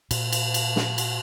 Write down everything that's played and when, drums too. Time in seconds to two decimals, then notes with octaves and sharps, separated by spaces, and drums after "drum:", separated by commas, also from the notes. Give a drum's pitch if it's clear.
0.11 A#2, drum: cymbal
0.32 drum: cymbal
0.54 drum: cymbal
0.76 drum: snare
0.98 drum: cymbal